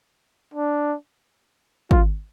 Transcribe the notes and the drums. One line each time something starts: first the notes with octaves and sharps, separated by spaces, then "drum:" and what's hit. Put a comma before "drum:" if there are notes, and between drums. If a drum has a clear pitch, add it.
D4
F4, drum: kick G#1